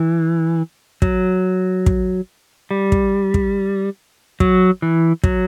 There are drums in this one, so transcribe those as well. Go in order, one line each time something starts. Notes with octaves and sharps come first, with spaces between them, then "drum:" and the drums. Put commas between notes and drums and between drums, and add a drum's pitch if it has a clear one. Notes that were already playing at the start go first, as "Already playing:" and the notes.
Already playing: E3
F#3, drum: kick
drum: kick
G3
drum: kick
drum: kick
F#3, drum: kick
E3
F#3, drum: kick